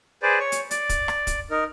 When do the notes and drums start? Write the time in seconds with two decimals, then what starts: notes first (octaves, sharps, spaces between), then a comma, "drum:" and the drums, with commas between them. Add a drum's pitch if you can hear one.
0.23 G#4 B4 C5 D5
0.39 C#5
0.52 drum: hi-hat
0.71 D5, drum: hi-hat
0.89 drum: kick, hi-hat
1.08 drum: rim click
1.27 drum: kick, hi-hat
1.50 D#4 A#4